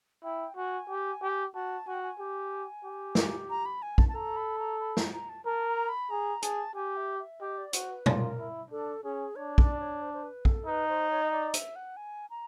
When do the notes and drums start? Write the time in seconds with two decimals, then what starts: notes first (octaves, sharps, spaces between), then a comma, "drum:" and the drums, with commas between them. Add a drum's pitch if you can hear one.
0.23 E4 G5
0.56 F#4 G#5
0.89 G4
1.22 G4
1.54 F#4 A5
1.87 F#4 G#5
1.94 G5
2.03 G#5
2.19 G4
2.84 G4
3.15 drum: snare
3.50 A#5
3.65 B5
3.82 G#5
3.98 A5, drum: kick
4.09 A5
4.15 A4 A#5
4.37 B5
4.59 A#5
4.80 B5
4.97 A#5, drum: snare
5.12 A#5
5.29 A5
5.46 A#4 A5
5.67 A#5
5.89 B5
6.10 G#4 A#5
6.42 G#4 A5, drum: hi-hat
6.75 G4 G#5
6.97 E5
7.19 E5
7.40 G4 D#5
7.58 D5
7.73 F#4 C5, drum: hi-hat
7.90 B4
8.06 F4 A#4, drum: tom A#2
8.39 E4
8.70 D4 A4
9.04 C#4 G#4
9.36 D4 C#5
9.58 D5, drum: kick
9.80 C#5
10.02 C5
10.14 C5
10.23 B4
10.45 A4, drum: kick
10.66 D#4 B4
10.89 C5
11.11 C#5
11.22 D#5
11.32 D5
11.54 E5, drum: hi-hat
11.76 F#5
11.97 G#5
12.30 A#5